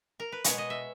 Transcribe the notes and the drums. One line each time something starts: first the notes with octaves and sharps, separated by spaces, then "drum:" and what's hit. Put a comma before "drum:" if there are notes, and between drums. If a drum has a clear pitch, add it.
A#4
B4
B2 G#3 C#5, drum: hi-hat
D#5
E5